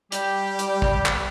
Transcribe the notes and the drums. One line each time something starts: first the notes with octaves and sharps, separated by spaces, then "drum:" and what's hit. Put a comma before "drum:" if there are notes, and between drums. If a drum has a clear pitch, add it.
G3 G4, drum: hi-hat
drum: hi-hat
drum: kick
drum: clap